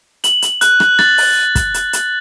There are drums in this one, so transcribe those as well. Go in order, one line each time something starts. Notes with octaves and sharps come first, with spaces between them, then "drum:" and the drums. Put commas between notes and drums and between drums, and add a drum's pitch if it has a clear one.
F#7, drum: hi-hat
drum: hi-hat
F#6, drum: hi-hat
drum: rim click
A6, drum: rim click
drum: open hi-hat
drum: kick, hi-hat
drum: hi-hat
drum: hi-hat